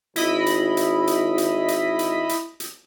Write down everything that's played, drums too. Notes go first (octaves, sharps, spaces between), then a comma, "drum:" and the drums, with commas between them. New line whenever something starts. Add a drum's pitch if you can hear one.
G#1 E4 D#5 B5, drum: hi-hat
drum: hi-hat
drum: hi-hat
drum: hi-hat
drum: hi-hat
drum: hi-hat
drum: hi-hat
drum: hi-hat
drum: hi-hat